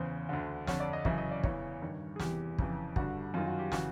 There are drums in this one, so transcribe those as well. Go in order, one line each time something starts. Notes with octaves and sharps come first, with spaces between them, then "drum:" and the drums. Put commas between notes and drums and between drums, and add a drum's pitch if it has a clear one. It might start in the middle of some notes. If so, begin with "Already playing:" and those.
Already playing: E2 C#3 E3 C5
D2 D3
F2 D3 C#5, drum: snare
D5
D#5
F#2 C#3 E3 E5, drum: kick
D#5
D5
E2 C#3 E3 C#5, drum: kick
G2 D#3
G#4
E2 C3 E3 G4, drum: snare
F2 C#3 E3, drum: kick
G2 D3 F#4, drum: kick
F#2 D#3 F4
F#4
G4
C#3 E3 F#4, drum: snare